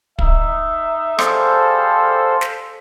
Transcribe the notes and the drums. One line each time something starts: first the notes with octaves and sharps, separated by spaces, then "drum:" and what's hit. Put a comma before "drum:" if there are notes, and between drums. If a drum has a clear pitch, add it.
D#4 E5, drum: kick
G3 G#4 A4 C5 F5, drum: rim click
drum: snare